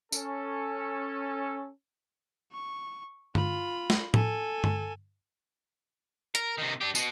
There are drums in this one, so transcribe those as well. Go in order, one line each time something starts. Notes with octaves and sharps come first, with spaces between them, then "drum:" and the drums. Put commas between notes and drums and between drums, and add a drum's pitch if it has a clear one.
C#4 A4, drum: tambourine
C#6
F4 B5, drum: tom G2
drum: snare
A4 G#5, drum: tom A2
drum: tom G2
A#4, drum: hi-hat
C3 D#3
D4 G4
B2, drum: tambourine